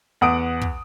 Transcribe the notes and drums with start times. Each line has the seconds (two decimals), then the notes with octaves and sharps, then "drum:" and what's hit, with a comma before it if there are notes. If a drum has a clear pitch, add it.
0.21 E2 F#5 D#6 D7
0.61 drum: kick